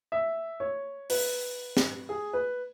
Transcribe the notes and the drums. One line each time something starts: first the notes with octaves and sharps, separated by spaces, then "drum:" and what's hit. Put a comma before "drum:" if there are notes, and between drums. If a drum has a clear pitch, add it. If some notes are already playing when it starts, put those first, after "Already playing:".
E5
C#5
B4, drum: open hi-hat
drum: snare
G#4
B4